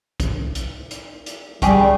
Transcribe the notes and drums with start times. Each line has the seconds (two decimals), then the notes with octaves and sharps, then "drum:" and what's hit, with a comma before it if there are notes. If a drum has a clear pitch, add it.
0.20 drum: kick, hi-hat
0.55 drum: hi-hat
0.91 drum: hi-hat
1.26 drum: hi-hat
1.62 G3 A3 G4 G#4, drum: kick, hi-hat